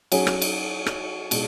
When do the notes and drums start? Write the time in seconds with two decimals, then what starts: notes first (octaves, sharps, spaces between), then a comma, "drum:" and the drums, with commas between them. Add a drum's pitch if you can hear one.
0.12 F#3 C#4 G#4, drum: cymbal
0.27 drum: rim click
0.42 drum: cymbal
0.86 drum: rim click
1.31 B2 G#3, drum: cymbal